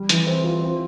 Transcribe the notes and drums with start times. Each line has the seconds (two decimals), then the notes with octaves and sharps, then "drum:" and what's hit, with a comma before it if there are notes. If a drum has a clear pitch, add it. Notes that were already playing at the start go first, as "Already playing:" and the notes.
Already playing: G3
0.09 E3, drum: hi-hat
0.27 C4
0.44 F4
0.61 C4